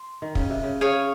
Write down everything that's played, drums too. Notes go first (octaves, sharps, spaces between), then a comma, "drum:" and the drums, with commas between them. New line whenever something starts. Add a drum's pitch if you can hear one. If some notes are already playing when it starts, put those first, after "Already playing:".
Already playing: C6
D#3
C#3, drum: kick
C3
C#3
G#4 C#5 F5